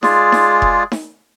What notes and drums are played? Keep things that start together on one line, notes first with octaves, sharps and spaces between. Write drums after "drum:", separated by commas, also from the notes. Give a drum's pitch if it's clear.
G#3 F4 G#4 D5, drum: snare D#4
drum: snare D#4
drum: kick F1
drum: snare D#4